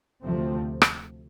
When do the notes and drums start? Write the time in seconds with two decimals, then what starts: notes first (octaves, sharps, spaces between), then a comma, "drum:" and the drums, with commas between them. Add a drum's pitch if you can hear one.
0.22 D2 C3 F3 A3 C4
0.82 drum: rim click